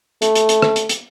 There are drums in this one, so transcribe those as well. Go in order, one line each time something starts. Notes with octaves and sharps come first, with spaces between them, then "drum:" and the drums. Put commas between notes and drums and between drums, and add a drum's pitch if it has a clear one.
A3, drum: hi-hat
drum: hi-hat
drum: hi-hat
drum: rim click
drum: hi-hat
drum: hi-hat